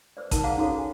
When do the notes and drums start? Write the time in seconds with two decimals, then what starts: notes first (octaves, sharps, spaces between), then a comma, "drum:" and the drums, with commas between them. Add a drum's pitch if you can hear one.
0.17 B4 C5 D5
0.31 D#4 A#4 A5, drum: kick A1, hi-hat
0.44 G#4 C5 F5 F#5 A#5
0.57 C#4 D#4 F#4 A4 C#5
0.78 G#5